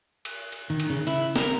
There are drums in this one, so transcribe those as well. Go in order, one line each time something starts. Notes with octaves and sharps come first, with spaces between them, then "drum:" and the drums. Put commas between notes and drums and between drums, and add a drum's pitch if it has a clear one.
drum: cymbal
drum: cymbal
D#3
drum: cymbal
C#3
E4, drum: cymbal
A#4, drum: snare